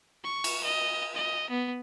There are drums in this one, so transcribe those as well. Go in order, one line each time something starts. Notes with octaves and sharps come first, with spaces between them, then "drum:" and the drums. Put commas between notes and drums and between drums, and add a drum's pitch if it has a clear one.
C#6
drum: cymbal
D#5
D#5
B3